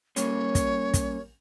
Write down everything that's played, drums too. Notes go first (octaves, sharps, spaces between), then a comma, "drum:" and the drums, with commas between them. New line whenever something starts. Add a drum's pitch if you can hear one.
G3 A#3 C#4 C#5, drum: hi-hat
drum: kick, hi-hat
drum: kick, hi-hat